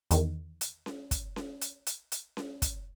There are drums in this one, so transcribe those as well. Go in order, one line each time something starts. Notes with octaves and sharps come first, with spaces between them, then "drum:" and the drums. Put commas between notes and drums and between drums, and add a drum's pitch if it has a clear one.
E2 D#3, drum: hi-hat
drum: hi-hat
drum: snare C#4
drum: kick, hi-hat
drum: snare C#4
drum: hi-hat
drum: hi-hat
drum: hi-hat
drum: snare C#4
drum: kick, hi-hat